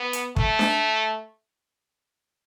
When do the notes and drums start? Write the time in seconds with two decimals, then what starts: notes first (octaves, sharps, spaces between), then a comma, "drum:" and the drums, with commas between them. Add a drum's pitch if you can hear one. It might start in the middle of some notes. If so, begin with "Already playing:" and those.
Already playing: B3
0.13 drum: hi-hat
0.36 A3, drum: kick
0.59 drum: snare D4